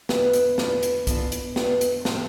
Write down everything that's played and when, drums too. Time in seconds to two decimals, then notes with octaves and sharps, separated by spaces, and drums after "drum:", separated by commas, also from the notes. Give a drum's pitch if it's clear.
0.09 E3 B3 D4 F4 B4, drum: snare
0.33 drum: hi-hat
0.58 E3 B3 D4 F4, drum: snare
0.83 drum: hi-hat
1.07 E3 B3 D4 F4, drum: kick B1, hi-hat
1.32 drum: hi-hat
1.56 E3 B3 D4 F4, drum: snare
1.81 drum: hi-hat
2.05 A2 F3 C4 C5, drum: snare